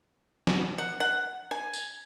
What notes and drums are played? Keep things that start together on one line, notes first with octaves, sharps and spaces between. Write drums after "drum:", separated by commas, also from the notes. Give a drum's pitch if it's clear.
drum: snare
F#5
F#5
G#5
drum: tambourine